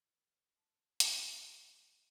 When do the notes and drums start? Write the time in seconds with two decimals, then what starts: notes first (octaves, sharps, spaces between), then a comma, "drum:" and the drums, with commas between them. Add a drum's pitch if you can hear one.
0.12 B4
0.57 D#5 A5 C6
1.00 drum: hi-hat
1.26 F#3 F#4 C#5 C6